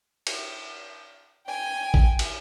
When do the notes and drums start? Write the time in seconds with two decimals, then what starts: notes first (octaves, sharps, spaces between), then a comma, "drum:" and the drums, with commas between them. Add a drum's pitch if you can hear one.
0.27 drum: cymbal
1.46 G5 G#5
1.94 drum: kick G#1
2.19 drum: cymbal